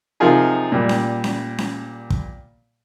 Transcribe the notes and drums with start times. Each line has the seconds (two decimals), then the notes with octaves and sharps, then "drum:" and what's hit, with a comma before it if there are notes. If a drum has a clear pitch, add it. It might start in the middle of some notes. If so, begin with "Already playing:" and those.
0.20 C3 F3 D#4 F4 G#4 A#4
0.72 A#2 G3
0.89 drum: snare C#4
1.24 drum: snare C#4
1.58 drum: snare C#4
2.10 drum: kick